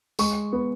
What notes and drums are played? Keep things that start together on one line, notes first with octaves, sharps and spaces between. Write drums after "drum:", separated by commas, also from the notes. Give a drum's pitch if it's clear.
G#3 C#6, drum: tambourine
B3